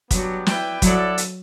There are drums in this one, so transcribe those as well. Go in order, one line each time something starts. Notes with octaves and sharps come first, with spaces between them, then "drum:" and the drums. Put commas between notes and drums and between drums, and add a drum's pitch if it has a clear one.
F#3 B3 D4 G4, drum: kick, hi-hat
E4 B4 D5 G5, drum: snare
F#3 E4 A4 D5 F#5, drum: kick, hi-hat
drum: hi-hat